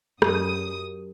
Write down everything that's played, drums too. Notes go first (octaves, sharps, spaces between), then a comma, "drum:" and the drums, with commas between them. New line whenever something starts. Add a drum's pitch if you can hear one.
F#2 G4 A#4 D#6, drum: rim click